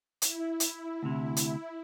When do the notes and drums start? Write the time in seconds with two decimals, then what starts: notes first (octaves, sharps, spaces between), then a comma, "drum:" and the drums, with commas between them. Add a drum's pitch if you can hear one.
0.22 E4, drum: hi-hat
0.60 drum: hi-hat
1.03 D2 C3
1.37 drum: hi-hat